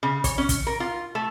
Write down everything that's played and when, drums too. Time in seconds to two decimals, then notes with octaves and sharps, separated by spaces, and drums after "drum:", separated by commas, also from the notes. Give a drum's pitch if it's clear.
0.03 C#3
0.24 C#5, drum: kick, hi-hat
0.38 C#4
0.49 drum: kick, hi-hat
0.67 A#4
0.80 F4
1.15 A3